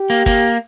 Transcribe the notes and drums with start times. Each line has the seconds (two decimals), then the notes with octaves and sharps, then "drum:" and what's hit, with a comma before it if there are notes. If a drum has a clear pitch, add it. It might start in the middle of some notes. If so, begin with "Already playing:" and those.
Already playing: G4
0.10 A#3
0.26 A#3, drum: kick